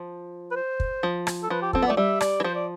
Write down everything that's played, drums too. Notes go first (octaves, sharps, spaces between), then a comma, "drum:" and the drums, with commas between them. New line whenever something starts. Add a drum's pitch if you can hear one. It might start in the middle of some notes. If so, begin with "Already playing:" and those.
Already playing: F3
B4
C5
drum: kick
F3
drum: rim click
A4
F3 B4
G4
C4 A4, drum: kick
B3
A3 D5
G3 E5
D5, drum: rim click
E3
F3 C5
D5